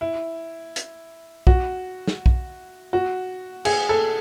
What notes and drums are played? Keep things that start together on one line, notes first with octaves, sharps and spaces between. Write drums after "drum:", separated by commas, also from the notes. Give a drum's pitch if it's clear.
E4
drum: hi-hat
F#4, drum: kick B1
drum: snare
drum: kick B1
F#4
G#4, drum: cymbal
A4